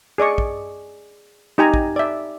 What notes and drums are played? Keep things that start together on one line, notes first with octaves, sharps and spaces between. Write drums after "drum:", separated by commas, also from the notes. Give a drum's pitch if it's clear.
G#4 D5 D#5 C#6
drum: kick
D#4 G4 D#5 G#5 A#5
drum: kick
D5 E5